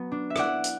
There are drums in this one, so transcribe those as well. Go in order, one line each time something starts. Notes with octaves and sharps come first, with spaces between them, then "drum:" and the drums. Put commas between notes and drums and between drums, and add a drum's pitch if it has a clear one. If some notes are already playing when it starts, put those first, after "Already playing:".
Already playing: F#3 B3
D4
E5
E4 D5 F#5, drum: rim click
drum: hi-hat